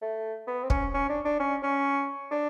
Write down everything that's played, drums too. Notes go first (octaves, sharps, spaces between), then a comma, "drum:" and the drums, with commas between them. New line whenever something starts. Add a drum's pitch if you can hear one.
A3
B3
C4
C#4, drum: kick
C#4
D4
D4
C#4
C#4
D4